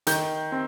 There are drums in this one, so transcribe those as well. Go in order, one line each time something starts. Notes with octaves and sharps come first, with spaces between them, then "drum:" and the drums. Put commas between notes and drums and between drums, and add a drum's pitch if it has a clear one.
D#3 G6, drum: hi-hat
C4